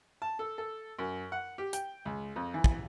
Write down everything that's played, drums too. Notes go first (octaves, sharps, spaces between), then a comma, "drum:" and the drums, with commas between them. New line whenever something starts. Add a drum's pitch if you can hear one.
A5
A4
A4
F#2
F#5
G4
G5, drum: hi-hat
C#2
F2
E3
drum: kick